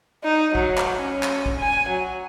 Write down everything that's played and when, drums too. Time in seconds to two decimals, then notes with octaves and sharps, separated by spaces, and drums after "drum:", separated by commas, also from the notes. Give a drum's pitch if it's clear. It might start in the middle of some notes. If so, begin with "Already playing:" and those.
0.25 D#4
0.55 F#3, drum: kick
0.78 drum: clap
1.01 C#4
1.23 drum: clap
1.46 drum: kick
1.60 G#5
1.89 F#3